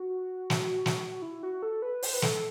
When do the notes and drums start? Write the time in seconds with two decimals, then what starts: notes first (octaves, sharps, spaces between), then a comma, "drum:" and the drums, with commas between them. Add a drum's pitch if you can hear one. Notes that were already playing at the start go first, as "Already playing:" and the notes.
Already playing: F#4
0.50 drum: snare
0.86 drum: snare
1.22 E4
1.43 F#4
1.63 A4
1.82 B4
2.03 C5, drum: open hi-hat
2.13 B4
2.22 A4, drum: snare